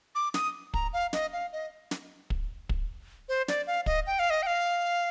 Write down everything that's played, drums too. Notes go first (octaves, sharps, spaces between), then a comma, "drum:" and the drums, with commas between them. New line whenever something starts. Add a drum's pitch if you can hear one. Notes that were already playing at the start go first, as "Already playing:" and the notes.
D6
D#6, drum: snare
A#5, drum: kick
F5
D#5, drum: snare
F5
D#5
drum: snare
drum: kick
drum: kick
C5
D5, drum: snare
F5
D#5, drum: kick
G5
F5
D#5
G5
F5